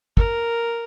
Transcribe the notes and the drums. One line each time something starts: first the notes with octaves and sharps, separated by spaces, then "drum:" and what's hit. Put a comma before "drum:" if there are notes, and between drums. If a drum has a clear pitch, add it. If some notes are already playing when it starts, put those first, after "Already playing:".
A#4, drum: kick